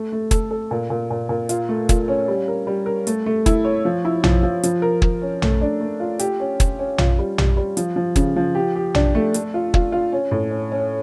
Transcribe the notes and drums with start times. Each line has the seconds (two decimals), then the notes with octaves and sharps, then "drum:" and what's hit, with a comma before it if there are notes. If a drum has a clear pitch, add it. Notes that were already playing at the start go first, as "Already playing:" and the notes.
Already playing: A3
0.13 A3
0.31 A4, drum: kick, hi-hat
0.51 A4
0.71 A#2
0.90 A#2
1.10 A#2
1.29 A#2
1.49 F4, drum: hi-hat
1.69 A3
1.89 F4, drum: kick, hi-hat
2.08 C#4
2.28 G3
2.48 A#4
2.67 G3
2.86 A#4
3.07 A3, drum: hi-hat
3.26 A3
3.46 E4, drum: kick, hi-hat
3.65 C#5
3.85 F3
4.05 E4
4.24 F3, drum: tom A#1
4.43 F3
4.63 F3, drum: hi-hat
4.82 A#4
5.02 A#4, drum: kick
5.22 C#4
5.42 A3, drum: tom A#1
5.61 D4
5.81 A3
6.00 F4
6.19 G4, drum: hi-hat
6.40 C#4
6.60 C#4, drum: kick, hi-hat
6.79 C#4
6.98 F4, drum: tom A#1
7.19 G3
7.38 G3, drum: tom A#1
7.57 G3
7.77 F3, drum: hi-hat
7.96 F3
8.16 C#3, drum: kick, hi-hat
8.36 F3
8.55 G4
8.76 G4
8.95 D4, drum: tom A#1
9.15 A3
9.34 A3, drum: hi-hat
9.54 F4
9.74 F4, drum: kick
9.92 F4
10.13 C#4
10.31 A2
10.51 C#4
10.72 C#4